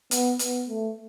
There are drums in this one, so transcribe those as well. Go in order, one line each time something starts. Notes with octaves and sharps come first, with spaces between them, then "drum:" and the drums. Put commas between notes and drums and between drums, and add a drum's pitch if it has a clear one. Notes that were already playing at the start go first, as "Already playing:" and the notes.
B3, drum: hi-hat
B3, drum: hi-hat
A3